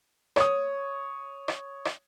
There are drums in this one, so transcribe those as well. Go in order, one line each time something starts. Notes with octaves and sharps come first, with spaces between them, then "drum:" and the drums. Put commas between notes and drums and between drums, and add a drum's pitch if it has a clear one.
C#5 D#6, drum: rim click
drum: rim click
drum: rim click